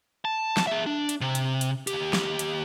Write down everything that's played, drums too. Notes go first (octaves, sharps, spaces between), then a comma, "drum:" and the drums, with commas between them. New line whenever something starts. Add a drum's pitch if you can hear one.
A5
drum: snare
G#4 E5
D4
drum: hi-hat
C3
drum: hi-hat
drum: hi-hat
D#2 G4, drum: hi-hat
drum: snare
drum: hi-hat